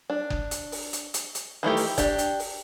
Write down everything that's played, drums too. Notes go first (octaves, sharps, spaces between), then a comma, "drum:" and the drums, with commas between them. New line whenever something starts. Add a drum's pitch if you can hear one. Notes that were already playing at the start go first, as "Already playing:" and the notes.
D4
drum: kick F#1
drum: hi-hat
drum: open hi-hat
drum: hi-hat
drum: hi-hat
drum: hi-hat
D#3 E3 A3 G4
drum: open hi-hat
D4 G4, drum: kick F#1, hi-hat
drum: hi-hat
drum: open hi-hat